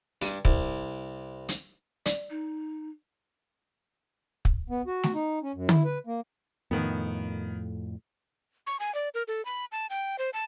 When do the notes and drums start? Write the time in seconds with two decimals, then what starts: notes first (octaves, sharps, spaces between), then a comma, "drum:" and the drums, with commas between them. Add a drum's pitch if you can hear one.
0.22 G2, drum: open hi-hat
0.45 C2, drum: kick
1.49 drum: hi-hat
2.06 D5, drum: hi-hat
2.30 D#4
4.45 drum: kick
4.70 B3
4.87 F#4
5.03 drum: snare A3
5.14 D#4
5.43 C#4
5.55 F#2
5.69 E4, drum: tom
5.85 B4
6.07 A#3
6.71 F2 A2 D#3 B3
8.67 C#6
8.80 G#5
8.95 D5
9.14 A#4
9.28 A4
9.45 B5
9.72 A5
9.90 G5
10.19 C5
10.33 A5